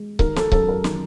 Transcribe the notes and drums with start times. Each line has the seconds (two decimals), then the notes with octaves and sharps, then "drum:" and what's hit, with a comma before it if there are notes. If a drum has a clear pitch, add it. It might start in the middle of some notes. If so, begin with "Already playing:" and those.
Already playing: G#3
0.19 D#3 A#4, drum: kick C#1
0.36 A4, drum: snare
0.52 F#2 A4, drum: kick C#1
0.68 A#4
0.84 D#3, drum: snare